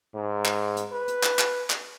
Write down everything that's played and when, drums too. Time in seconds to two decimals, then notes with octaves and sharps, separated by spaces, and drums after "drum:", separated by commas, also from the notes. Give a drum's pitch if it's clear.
0.15 G#2
0.45 drum: clap
0.77 drum: hi-hat
0.92 B4
1.08 drum: hi-hat
1.23 drum: clap
1.39 drum: clap
1.70 drum: clap